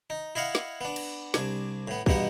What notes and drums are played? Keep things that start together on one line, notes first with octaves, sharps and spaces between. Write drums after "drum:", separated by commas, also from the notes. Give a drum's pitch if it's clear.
D#4
E4 D#5 F5 F#5
drum: snare
B3 D4
drum: cymbal
C2 D4 G#5, drum: snare
A2 B3
E2 G2 B2 B3 D#4 F#5, drum: kick